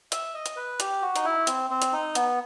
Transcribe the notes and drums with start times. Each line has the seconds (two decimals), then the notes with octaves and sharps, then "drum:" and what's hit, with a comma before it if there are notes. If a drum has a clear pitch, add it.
0.12 E5, drum: hi-hat
0.34 D#5
0.46 drum: hi-hat
0.56 B4
0.80 G4, drum: hi-hat
1.02 F#4
1.16 D#4, drum: hi-hat
1.25 E4
1.47 C4, drum: hi-hat
1.70 C4
1.82 drum: hi-hat
1.93 D#4
2.15 B3, drum: hi-hat